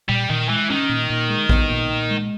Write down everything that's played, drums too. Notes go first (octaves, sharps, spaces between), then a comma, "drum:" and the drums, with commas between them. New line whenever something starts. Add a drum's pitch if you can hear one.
A#2 G3
A#2 D#3
E3 G#3
D#3 C#4
A#2
A#2
G#3
B3, drum: kick A1
A#2
A#2
G#3